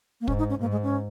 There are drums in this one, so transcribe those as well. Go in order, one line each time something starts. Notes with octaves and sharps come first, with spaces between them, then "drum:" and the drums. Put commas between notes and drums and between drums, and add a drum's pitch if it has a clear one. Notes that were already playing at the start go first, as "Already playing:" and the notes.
A#3
G#2 C#4, drum: kick
D#4
C#4
G#2 A#3
G#3
C#4